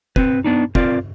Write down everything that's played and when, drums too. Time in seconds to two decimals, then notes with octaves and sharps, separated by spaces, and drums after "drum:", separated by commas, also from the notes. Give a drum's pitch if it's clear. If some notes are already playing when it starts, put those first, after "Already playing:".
0.16 C4 B4, drum: kick
0.44 B3 D4 D#4
0.75 C4 F4 A#4 D5, drum: kick